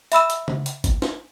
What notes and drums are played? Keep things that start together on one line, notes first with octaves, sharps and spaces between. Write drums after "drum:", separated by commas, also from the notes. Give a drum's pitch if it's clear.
E5 B5 E6 E7, drum: hi-hat
drum: hi-hat
drum: tom C#3
drum: hi-hat
drum: kick G#1, hi-hat
drum: snare